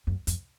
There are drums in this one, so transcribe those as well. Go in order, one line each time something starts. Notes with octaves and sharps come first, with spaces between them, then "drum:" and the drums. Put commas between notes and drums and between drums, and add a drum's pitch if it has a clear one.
F#2
F2, drum: hi-hat